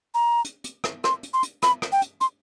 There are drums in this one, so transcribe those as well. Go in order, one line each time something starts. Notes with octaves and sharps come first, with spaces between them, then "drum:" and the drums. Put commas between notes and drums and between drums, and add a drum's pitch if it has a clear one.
A#5
drum: hi-hat
drum: hi-hat
drum: rim click
C6, drum: rim click
drum: hi-hat
C6
drum: hi-hat
B5, drum: rim click
drum: rim click
G5
drum: hi-hat
C6, drum: hi-hat